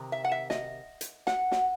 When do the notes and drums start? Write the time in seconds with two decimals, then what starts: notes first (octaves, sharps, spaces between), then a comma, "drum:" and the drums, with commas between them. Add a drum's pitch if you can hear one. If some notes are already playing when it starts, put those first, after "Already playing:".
Already playing: C3 D#3
0.12 E5
0.24 F#5
0.32 E5
0.50 D#5, drum: snare
1.01 drum: hi-hat
1.27 F#5, drum: snare
1.52 drum: snare